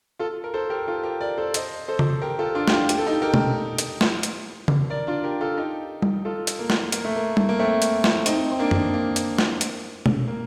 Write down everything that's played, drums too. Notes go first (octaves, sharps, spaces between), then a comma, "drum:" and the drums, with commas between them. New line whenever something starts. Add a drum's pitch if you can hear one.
F4 A4
A#4
A4 C5
G4 A#4
F4 A4
G4 A#4
A#4 D5
A4 C5
C5 D#5, drum: hi-hat
A4 C5
drum: tom C#3
G4 A#4
F4 A4
D4 F4
G4, drum: snare
D4 F4
G4, drum: hi-hat
A4
D#4 G4
G4 A#4
drum: tom B2
drum: hi-hat
drum: snare
drum: hi-hat
drum: tom C#3
A#4 D5
D4 F4
G4 A#4
F4 A4
D#4 G4
drum: tom G3
F4 A4
drum: hi-hat
A#3
drum: snare
A#3, drum: hi-hat
A3
A#3
drum: tom G3
A#3
A3 C4
drum: hi-hat
drum: snare
C4 D#4, drum: hi-hat
C4
A#3 D4
drum: tom F#2
A#3
drum: hi-hat
drum: snare
drum: hi-hat
drum: tom B2
A#3